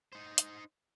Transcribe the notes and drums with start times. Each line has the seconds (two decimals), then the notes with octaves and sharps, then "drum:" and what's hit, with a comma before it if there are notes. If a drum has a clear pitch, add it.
0.13 D#4 C5
0.38 drum: hi-hat